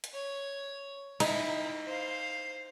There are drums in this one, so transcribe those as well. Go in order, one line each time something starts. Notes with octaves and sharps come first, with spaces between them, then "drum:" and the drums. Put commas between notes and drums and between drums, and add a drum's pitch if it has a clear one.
drum: hi-hat
C#5
D#4 E4, drum: cymbal
C5 F5